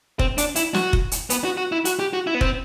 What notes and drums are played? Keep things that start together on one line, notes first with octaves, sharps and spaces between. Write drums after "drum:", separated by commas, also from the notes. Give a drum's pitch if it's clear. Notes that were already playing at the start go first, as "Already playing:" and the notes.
C4, drum: kick
D4, drum: hi-hat
E4, drum: hi-hat
F#4, drum: snare
drum: kick
drum: hi-hat
B3, drum: hi-hat
F#4
F#4
E4
F#4, drum: hi-hat
G4
F#4
E4
B3
C4, drum: kick